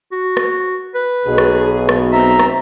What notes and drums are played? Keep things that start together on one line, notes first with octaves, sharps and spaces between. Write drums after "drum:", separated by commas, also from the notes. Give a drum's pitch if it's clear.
F#4
drum: rim click
B4
B1 B2 G#4
drum: rim click
drum: rim click
C4 E5 A#5
drum: rim click